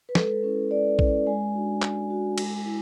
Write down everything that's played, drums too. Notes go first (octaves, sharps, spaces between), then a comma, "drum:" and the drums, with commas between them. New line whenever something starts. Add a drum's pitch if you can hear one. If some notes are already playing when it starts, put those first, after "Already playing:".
B4
G#3 A4, drum: snare
C#4 E4 B4
G#3 D5
C#4 E4, drum: kick A#1
G#3 G#5
D4 F#4
G#3, drum: clap
D4 F#4
G#3, drum: cymbal
E4